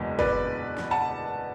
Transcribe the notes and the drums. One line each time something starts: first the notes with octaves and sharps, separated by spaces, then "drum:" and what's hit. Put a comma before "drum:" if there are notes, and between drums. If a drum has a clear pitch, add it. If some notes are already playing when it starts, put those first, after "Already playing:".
Already playing: F#1 E2 B2 G#3 B3
B4 D5, drum: kick
drum: snare
F#5 A5